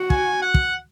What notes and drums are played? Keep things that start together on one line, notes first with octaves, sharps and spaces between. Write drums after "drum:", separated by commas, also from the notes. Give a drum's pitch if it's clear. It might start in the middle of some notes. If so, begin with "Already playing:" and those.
Already playing: F#4
G#5, drum: kick
F#5
drum: kick